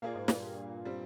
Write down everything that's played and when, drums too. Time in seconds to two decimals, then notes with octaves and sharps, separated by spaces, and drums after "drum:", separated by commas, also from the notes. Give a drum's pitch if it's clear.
0.02 A#2 A#3 F4 G#4
0.15 G#2
0.28 G2 A#2, drum: snare
0.85 G3 C4